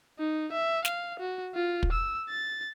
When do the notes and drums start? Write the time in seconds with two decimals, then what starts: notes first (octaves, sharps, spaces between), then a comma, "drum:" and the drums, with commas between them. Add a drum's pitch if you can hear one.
0.19 D#4
0.52 E5
0.85 F5, drum: snare
1.20 F#4
1.55 F4
1.83 drum: kick
1.93 E6
2.29 A6